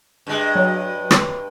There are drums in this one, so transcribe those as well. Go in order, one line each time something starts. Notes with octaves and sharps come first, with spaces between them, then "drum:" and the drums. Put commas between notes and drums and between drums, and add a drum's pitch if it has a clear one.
G2 G#3
F#3
drum: rim click